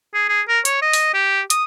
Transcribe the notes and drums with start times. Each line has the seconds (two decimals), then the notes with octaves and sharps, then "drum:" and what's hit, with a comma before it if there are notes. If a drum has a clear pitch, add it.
0.14 G#4
0.29 G#4
0.49 A#4
0.65 C#5, drum: hi-hat
0.82 D#5
0.93 drum: open hi-hat
1.14 G4
1.50 D#6, drum: hi-hat